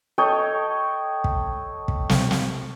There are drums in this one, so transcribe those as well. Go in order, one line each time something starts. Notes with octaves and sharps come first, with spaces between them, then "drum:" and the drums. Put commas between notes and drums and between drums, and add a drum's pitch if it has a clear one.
A4 C#5 D#5 G5
drum: kick
drum: kick
drum: snare
drum: snare